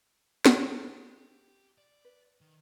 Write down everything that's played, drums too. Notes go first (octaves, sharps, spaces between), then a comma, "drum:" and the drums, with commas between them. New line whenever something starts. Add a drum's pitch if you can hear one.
drum: snare
G4
D5
B4
D#3